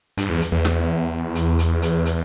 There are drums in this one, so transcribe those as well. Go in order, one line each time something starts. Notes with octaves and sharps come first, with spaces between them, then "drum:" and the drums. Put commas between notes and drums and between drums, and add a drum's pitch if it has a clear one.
G2, drum: hi-hat
E2
drum: hi-hat
E2
drum: snare
drum: hi-hat
drum: hi-hat
drum: hi-hat
drum: hi-hat